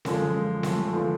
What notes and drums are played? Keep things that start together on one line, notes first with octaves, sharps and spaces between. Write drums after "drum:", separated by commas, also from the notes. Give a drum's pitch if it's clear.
F#2 D3 F3 G#3, drum: snare C4
G#3
A3, drum: snare C4
D3 F3 B3